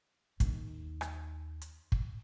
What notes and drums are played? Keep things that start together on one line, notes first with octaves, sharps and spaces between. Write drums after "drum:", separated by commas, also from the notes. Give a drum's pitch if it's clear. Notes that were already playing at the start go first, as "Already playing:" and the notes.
D#2 D#4, drum: kick, hi-hat
drum: rim click
drum: hi-hat
drum: kick